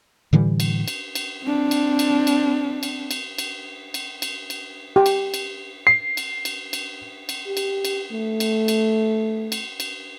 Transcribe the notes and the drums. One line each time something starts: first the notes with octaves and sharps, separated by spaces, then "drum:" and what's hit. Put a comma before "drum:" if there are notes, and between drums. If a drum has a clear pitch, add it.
A2 D3 E3 G3
drum: cymbal
drum: cymbal
drum: cymbal
C4 D4
drum: cymbal
drum: cymbal
drum: cymbal
drum: cymbal
drum: cymbal
drum: cymbal
drum: cymbal
drum: cymbal
drum: cymbal
G4 G5
drum: cymbal
drum: cymbal
C7
drum: cymbal
drum: cymbal
drum: cymbal
drum: cymbal
G4
drum: cymbal
drum: cymbal
A3
drum: cymbal
drum: cymbal
drum: cymbal
drum: cymbal